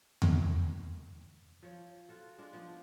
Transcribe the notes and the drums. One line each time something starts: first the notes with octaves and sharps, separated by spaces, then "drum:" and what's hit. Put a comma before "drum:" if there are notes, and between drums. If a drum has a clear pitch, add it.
drum: tom E2
F3 C#5
F4 F#4 A4
G#3 D4 F4
F3 B3 C5